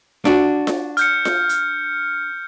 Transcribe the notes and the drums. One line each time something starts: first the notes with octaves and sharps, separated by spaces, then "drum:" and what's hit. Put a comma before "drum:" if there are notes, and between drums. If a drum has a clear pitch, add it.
D4 F#4, drum: snare F4
drum: snare F4
F6 G6 C#7, drum: hi-hat
drum: snare F4
drum: hi-hat